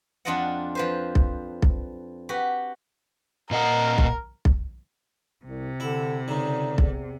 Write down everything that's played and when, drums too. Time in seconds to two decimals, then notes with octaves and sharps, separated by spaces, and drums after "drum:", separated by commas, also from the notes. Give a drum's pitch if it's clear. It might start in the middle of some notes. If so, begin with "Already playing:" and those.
0.25 F2 D4 F4 D5 D#5 F#5
0.75 F3 B4 C5
1.15 drum: kick B1
1.62 drum: kick B1
2.29 F#4 G4 B4
3.51 A#2 A#4 D#5 F#5
3.98 drum: kick B1
4.45 drum: kick B1
5.45 C2 C3
5.80 D3 E4
6.28 C#2 D3 D#4
6.78 E2, drum: kick B1